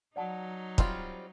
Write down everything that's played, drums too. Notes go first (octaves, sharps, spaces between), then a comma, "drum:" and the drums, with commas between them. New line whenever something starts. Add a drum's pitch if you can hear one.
F#3 D#4 D5 F#5 A5
G3 C4 F4, drum: kick